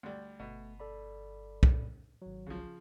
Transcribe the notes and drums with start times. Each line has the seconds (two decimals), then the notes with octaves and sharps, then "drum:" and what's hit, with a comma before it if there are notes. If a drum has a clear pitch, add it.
0.03 D2 G3
0.40 G1 B2 A3
0.80 A4 D5 B5
1.63 drum: kick
2.22 G#1 F#3
2.47 C2 C#3 F3